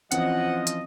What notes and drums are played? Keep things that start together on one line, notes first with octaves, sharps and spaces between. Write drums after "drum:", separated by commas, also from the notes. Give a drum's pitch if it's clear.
E3 F3 C4 C#4 D#5 F#5, drum: hi-hat
drum: hi-hat